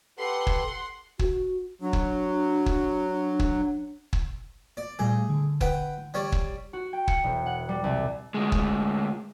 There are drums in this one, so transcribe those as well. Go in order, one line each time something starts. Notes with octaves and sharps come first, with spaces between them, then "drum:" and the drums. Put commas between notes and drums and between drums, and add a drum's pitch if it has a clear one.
G4 A4 B4 F#5 C6
drum: kick
F#4, drum: kick
F#3 D4
drum: kick
drum: kick
drum: kick
drum: kick
D5
A#2 G3 A3 G#4
D3
B4 F#5 G5, drum: kick
G3 C#5 D5
drum: kick
F#4
G5
C#7, drum: kick
E1
F#5
G3
C2
D2 G#3
drum: kick